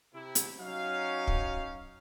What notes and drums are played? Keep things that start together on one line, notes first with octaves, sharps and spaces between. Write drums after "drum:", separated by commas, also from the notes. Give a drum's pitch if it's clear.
C3 E4
drum: hi-hat
F#3 C#4 D#4 F5
drum: kick